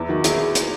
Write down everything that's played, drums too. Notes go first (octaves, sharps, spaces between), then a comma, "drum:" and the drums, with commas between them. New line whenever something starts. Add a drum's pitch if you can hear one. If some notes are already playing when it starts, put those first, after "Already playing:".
Already playing: E2 E4
D#3 F#4
E4 G#4, drum: hi-hat
drum: hi-hat